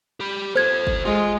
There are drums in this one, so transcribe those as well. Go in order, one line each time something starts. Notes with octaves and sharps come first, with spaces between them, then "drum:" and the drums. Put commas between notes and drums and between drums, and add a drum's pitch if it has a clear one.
G4 B5
F4 A4 C5 G#6
drum: kick G1
G#3 F4